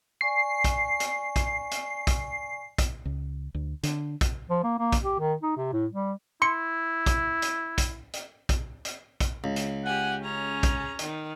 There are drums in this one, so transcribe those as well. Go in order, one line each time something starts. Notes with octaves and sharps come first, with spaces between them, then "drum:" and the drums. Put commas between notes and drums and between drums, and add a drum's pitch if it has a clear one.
D5 G#5 C#6 C7
drum: kick, hi-hat
drum: hi-hat
drum: kick, hi-hat
drum: hi-hat
drum: kick, hi-hat
drum: kick, hi-hat
C#2
D2
D3, drum: hi-hat
drum: kick, hi-hat
F3
A#3
A#3
drum: kick, hi-hat
G4
D#3
D#4
C3
A2
G3
E4 C6 C#7
drum: kick, hi-hat
drum: hi-hat
drum: kick, hi-hat
drum: hi-hat
drum: kick, hi-hat
drum: hi-hat
drum: kick, hi-hat
C#2
drum: hi-hat
G4 F#5 G#5
C#4 G#4 A#5
drum: kick, hi-hat
D#3, drum: hi-hat